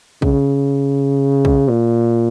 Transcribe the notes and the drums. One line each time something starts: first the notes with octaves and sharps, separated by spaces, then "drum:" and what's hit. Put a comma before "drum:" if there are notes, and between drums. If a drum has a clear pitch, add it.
C#3, drum: kick
drum: kick
A#2